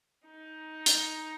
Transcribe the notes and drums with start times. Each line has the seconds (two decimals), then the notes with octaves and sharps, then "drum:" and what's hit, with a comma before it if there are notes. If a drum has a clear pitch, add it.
0.27 D#4
0.86 drum: hi-hat